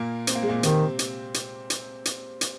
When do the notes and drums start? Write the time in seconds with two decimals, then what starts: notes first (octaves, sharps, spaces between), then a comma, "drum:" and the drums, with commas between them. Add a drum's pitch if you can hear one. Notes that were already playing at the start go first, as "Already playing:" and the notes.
Already playing: A#2 A#3
0.27 C4, drum: hi-hat
0.35 A#3
0.43 G#3
0.49 A#2 A#3
0.63 C3 D#3 C4, drum: hi-hat
0.99 drum: hi-hat
1.34 drum: hi-hat
1.70 drum: hi-hat
2.05 drum: hi-hat
2.41 drum: hi-hat